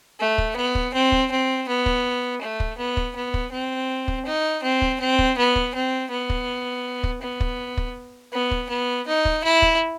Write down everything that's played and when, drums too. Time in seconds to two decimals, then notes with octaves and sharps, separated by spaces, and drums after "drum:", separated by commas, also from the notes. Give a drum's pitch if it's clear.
0.20 A3
0.38 drum: kick
0.56 B3
0.75 drum: kick
0.94 C4
1.12 drum: kick
1.31 C4
1.68 B3
1.86 drum: kick
2.42 A3
2.60 drum: kick
2.78 B3
2.97 drum: kick
3.16 B3
3.34 drum: kick
3.52 C4
4.08 drum: kick
4.26 D#4
4.63 C4
4.82 drum: kick
5.00 C4
5.19 drum: kick
5.38 B3
5.56 drum: kick
5.75 C4
6.11 B3
6.30 drum: kick
7.04 drum: kick
7.22 B3
7.40 drum: kick
7.77 drum: kick
8.33 B3
8.51 drum: kick
8.69 B3
9.07 D#4
9.25 drum: kick
9.44 E4
9.62 drum: kick